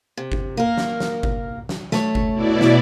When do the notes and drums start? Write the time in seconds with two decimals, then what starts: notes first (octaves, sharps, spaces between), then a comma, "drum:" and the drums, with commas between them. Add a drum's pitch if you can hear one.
0.17 C3
0.32 drum: kick G1
0.57 A#3 A#4
0.77 drum: snare
1.00 drum: snare
1.23 drum: kick G1
1.69 drum: snare
1.92 A3 A4 C#5, drum: snare
2.15 drum: kick G1
2.32 B2 E4 D5
2.61 drum: snare